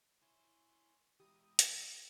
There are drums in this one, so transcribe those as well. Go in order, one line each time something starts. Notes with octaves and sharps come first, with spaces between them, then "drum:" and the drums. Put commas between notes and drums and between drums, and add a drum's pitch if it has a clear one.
E4 C#5 E5 G#5 C6
E3 G#3 E4 G4 G5 A#5 D#6
drum: hi-hat